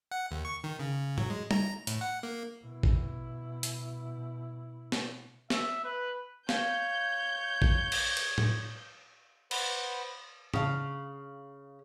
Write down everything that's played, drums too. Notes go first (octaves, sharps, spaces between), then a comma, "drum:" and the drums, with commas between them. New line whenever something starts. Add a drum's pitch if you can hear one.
F#5
D#2
C#6
D#3
C#3
F#3, drum: tom
G#3
A#5, drum: tom
A2, drum: hi-hat
F#5
A#3
B2 E4
drum: kick A1
drum: hi-hat
drum: snare
E5, drum: snare
B4
C#5 F5 G6, drum: snare
drum: kick A1
drum: cymbal
drum: cymbal
drum: tom A2
B4 C5 F#5 B5, drum: cymbal
C#3 F5, drum: tom